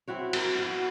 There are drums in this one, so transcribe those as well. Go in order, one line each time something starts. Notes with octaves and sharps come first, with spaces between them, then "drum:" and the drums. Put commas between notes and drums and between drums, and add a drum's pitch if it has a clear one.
C4 E4 F#4 C#5
F#4 A#4, drum: cymbal
B3 F#4